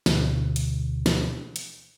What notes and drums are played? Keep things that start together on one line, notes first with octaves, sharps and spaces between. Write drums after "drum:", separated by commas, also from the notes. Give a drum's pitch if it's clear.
D2 B2 D3, drum: snare
drum: hi-hat
drum: snare
drum: hi-hat